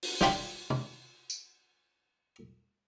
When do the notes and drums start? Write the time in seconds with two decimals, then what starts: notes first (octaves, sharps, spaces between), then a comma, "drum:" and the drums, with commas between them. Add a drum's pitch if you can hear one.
0.03 drum: open hi-hat
0.21 C5 D5 F5 G5 B5 C6, drum: snare
0.70 drum: tom
1.30 drum: tambourine